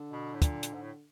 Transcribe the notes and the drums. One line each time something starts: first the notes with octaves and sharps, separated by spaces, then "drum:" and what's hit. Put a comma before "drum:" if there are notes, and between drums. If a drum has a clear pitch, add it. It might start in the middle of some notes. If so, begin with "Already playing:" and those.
Already playing: D3
B2
A2
A#2, drum: kick, hi-hat
drum: hi-hat
G#2
A2